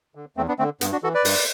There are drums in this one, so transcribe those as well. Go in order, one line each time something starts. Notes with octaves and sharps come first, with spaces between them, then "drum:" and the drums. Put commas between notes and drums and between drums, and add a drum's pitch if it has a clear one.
D3
E2 A3 C4
B3 D4
D3 A3 C4
G2 B3, drum: hi-hat
D4 F#4
E3 F#4 A4
B4 D5
G2, drum: open hi-hat